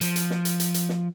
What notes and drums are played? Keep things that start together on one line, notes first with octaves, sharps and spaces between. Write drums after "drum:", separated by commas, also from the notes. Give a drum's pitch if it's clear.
F3, drum: hi-hat
drum: hi-hat
drum: snare
drum: hi-hat
drum: hi-hat
drum: hi-hat
drum: snare